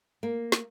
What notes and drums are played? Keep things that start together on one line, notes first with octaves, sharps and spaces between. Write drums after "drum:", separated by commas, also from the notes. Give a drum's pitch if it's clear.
A#3
drum: snare